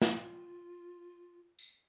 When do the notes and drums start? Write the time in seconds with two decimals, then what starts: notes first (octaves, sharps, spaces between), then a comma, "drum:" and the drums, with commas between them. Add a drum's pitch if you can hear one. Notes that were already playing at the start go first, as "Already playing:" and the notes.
0.02 E4 F4, drum: snare
1.59 drum: tambourine